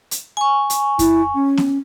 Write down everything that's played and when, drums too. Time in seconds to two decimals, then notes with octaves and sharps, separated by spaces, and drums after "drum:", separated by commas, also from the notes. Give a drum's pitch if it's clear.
0.11 drum: hi-hat
0.37 G#5 C#6
0.70 drum: hi-hat
0.99 E4, drum: kick F#2, hi-hat
1.35 C#4
1.57 drum: snare B3